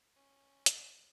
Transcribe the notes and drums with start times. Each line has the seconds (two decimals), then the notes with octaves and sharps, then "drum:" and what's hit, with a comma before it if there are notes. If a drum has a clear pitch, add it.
0.16 C#4
0.66 drum: hi-hat